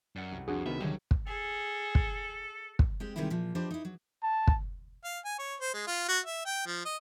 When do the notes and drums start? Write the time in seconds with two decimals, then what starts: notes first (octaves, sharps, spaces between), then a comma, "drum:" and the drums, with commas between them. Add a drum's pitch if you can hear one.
0.16 F#2 D5 F#5
0.32 C2
0.48 F2 D4 F#4 G#4
0.66 C3 D#3 B3 E5
0.81 C2 D3 D#3 F#3 G3
1.11 drum: kick
1.27 G#4 A4
1.95 drum: kick
2.79 drum: kick
3.00 G#3 C4 G4
3.16 C3 D#3 G3 G#3 C4 E4
3.30 A#2 F3
3.55 F3 D4 G4 B4 C5 D#5
3.71 D#4 E4
3.85 F#3
4.23 A5
4.47 drum: kick
5.04 F5
5.25 G#5
5.38 C#5
5.60 C5
5.74 G#3
5.87 F4
6.08 F#4
6.26 E5
6.46 G5
6.66 F3
6.85 D#5